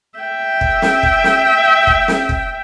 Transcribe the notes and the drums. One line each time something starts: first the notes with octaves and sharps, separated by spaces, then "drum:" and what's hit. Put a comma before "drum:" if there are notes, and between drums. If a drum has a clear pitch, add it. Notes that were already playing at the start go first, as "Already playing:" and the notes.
E5 G5
drum: kick
drum: snare
drum: kick
drum: snare
drum: kick
drum: snare
drum: kick